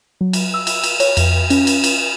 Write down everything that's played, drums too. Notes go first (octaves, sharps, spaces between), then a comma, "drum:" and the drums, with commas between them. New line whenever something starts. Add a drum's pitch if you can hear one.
F#3
drum: cymbal
E6
drum: cymbal
drum: cymbal
C#5, drum: cymbal
F2, drum: cymbal
C#4, drum: cymbal
drum: cymbal
drum: cymbal